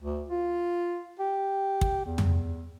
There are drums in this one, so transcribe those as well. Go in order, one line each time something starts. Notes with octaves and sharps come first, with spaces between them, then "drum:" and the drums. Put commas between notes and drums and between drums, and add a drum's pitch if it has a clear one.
D2
F4
G4
drum: kick
E2
drum: tom